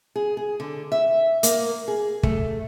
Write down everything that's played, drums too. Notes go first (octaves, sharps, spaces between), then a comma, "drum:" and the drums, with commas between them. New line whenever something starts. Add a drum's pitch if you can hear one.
G#4
G#4
D3
E5
A#3, drum: hi-hat
G#4
A3, drum: kick